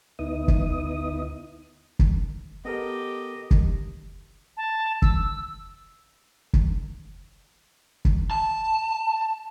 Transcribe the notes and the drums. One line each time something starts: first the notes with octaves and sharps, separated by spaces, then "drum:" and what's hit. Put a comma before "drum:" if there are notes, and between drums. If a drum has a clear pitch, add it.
D2 B3 D#4 E4 D#6
drum: kick
drum: kick
B3 G4 A4 A#4 D#5
drum: kick
A5
E6, drum: kick
drum: kick
drum: kick
A5